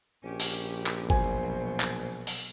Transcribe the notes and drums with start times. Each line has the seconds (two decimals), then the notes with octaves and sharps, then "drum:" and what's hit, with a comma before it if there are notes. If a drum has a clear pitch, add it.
0.24 A#1 C#4 G4
0.40 drum: open hi-hat
0.87 drum: clap
1.10 B2 F#3 C5 G#5, drum: kick
1.80 drum: clap
2.27 drum: open hi-hat